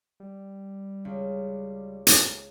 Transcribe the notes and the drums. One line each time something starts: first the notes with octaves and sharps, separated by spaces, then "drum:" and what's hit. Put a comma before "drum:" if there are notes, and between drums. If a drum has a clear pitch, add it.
G3
C#2
drum: hi-hat